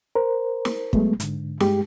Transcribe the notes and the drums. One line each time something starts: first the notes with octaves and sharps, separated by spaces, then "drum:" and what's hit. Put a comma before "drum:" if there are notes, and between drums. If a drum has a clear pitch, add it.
A#4 C5
drum: snare
F#3 G#3 A3 B3, drum: kick
G#2 D3, drum: hi-hat
G2 G#3 G4, drum: snare